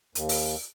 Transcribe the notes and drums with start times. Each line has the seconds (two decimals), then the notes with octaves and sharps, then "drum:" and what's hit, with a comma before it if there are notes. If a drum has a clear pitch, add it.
0.15 D#2, drum: hi-hat
0.29 drum: open hi-hat